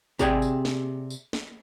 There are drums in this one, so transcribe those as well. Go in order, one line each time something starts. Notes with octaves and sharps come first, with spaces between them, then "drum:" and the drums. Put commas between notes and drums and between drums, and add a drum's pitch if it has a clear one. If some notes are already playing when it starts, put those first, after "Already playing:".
C3 G4 G#4 D5 G5 G#5, drum: kick G#1, tambourine
drum: tambourine
drum: snare
drum: tambourine
drum: snare